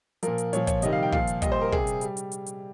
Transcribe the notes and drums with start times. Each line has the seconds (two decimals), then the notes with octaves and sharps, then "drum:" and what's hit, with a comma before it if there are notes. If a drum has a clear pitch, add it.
0.23 A#2 F3 A#4, drum: hi-hat
0.38 drum: hi-hat
0.53 A#2 F3 C#5, drum: hi-hat
0.67 C#5, drum: kick, hi-hat
0.82 C3 D#3 G3 D#5, drum: hi-hat
0.93 F5
1.03 G5
1.12 A#2 F3 F5, drum: kick
1.27 drum: hi-hat
1.42 A#2 G3 D#5, drum: kick, hi-hat
1.52 C5
1.61 A#4
1.72 C3 G3 G#4, drum: kick
1.87 drum: hi-hat
2.01 G3, drum: hi-hat
2.17 drum: hi-hat
2.32 drum: hi-hat
2.46 drum: hi-hat